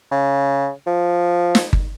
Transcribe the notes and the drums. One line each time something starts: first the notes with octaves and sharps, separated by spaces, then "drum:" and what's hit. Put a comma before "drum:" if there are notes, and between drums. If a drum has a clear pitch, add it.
C#3
F3
drum: snare
drum: kick G1